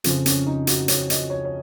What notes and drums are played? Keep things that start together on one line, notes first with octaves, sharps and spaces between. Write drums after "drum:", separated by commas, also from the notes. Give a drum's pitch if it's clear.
F2 C#3 F3 F4, drum: hi-hat
C#4, drum: hi-hat
D#4
F#4, drum: hi-hat
C#5, drum: hi-hat
D#5, drum: hi-hat
C#5
C#5